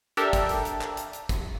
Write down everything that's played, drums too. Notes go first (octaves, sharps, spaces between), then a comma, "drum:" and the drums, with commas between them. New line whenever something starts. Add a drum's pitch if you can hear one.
D4 G4 A4 A#4 E5, drum: hi-hat
drum: kick, hi-hat
drum: hi-hat
drum: hi-hat
drum: clap
drum: hi-hat
drum: hi-hat
drum: kick, hi-hat